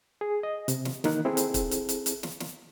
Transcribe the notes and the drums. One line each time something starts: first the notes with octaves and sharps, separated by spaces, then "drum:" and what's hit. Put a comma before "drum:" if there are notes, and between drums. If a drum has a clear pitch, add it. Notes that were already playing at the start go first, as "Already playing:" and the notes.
G#4
D#5
C3, drum: hi-hat
drum: snare
D#3 E3 A#3 D#4 F#6, drum: snare
C4 E4 G#4 A4
drum: hi-hat
drum: kick, hi-hat
drum: hi-hat
drum: hi-hat
drum: hi-hat
drum: snare
drum: snare